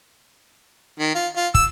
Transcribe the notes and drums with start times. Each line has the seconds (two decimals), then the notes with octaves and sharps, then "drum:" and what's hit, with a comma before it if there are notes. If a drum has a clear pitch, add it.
1.00 D#3
1.15 F4
1.36 F4
1.54 E6, drum: kick